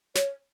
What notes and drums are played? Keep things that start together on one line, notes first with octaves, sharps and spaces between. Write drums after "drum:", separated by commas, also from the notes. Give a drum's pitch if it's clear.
C#5, drum: snare